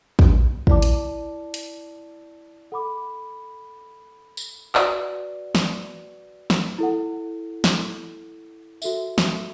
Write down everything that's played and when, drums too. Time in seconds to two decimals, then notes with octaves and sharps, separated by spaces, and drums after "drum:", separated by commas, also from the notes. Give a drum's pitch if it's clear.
0.19 drum: kick
0.67 E4 D5 A5 D6, drum: kick
0.82 drum: hi-hat
1.54 drum: hi-hat
2.72 A4 F#5 B5 D6
4.37 drum: tambourine
4.75 F#4 B4 D5 F#5, drum: clap
5.55 drum: snare
6.50 drum: snare
6.79 E4 A4 F#5
7.64 drum: snare
8.82 F#4 A4 E5, drum: tambourine
9.18 drum: snare